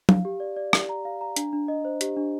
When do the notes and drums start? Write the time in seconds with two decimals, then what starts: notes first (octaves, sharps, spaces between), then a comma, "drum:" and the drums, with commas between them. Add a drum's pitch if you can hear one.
0.09 F5, drum: tom
0.25 G4
0.40 D5
0.56 D5
0.73 G4, drum: rim click
0.89 A#5
1.05 F5
1.21 A#5
1.36 D4, drum: hi-hat
1.53 D4
1.68 D#5
1.85 C5
2.01 G4, drum: hi-hat
2.16 D4